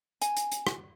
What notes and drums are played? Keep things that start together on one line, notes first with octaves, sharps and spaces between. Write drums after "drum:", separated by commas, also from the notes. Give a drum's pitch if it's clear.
G#5, drum: hi-hat
drum: hi-hat
drum: hi-hat
drum: rim click